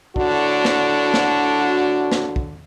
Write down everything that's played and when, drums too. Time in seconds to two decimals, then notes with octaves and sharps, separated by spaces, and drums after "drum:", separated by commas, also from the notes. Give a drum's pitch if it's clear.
0.16 A2 D3 D4 F#4, drum: kick
0.65 drum: snare
1.14 drum: snare
2.12 drum: snare
2.36 drum: kick